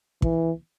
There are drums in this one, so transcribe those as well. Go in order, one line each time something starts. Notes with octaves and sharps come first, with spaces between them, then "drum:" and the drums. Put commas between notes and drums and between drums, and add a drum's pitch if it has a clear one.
E3, drum: kick